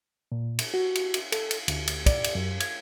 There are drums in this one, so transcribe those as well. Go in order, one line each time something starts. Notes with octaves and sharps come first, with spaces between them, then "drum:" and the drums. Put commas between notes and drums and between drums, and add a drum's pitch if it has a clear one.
A#2
drum: cymbal
F#4
drum: cymbal
drum: cymbal
A4, drum: cymbal
drum: cymbal
D2, drum: cymbal
drum: cymbal
D5, drum: kick, cymbal
drum: cymbal
F#2
G#6, drum: cymbal